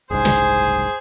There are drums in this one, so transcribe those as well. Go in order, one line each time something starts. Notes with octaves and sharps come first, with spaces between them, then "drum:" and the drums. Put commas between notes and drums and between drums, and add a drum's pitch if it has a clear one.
F#1 C2 G#2 G#4 C5 G#5
drum: snare